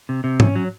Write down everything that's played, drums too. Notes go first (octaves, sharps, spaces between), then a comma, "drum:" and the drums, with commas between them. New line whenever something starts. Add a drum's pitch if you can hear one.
C3
C3
C#4, drum: tom G#2
F#3